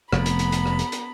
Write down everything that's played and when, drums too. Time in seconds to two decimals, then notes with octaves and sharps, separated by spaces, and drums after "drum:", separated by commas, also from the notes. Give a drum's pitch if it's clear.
0.13 F1 F2 B3 A#5 B5, drum: rim click
0.26 drum: hi-hat
0.39 drum: hi-hat
0.52 drum: hi-hat
0.66 drum: rim click
0.79 drum: hi-hat
0.92 drum: hi-hat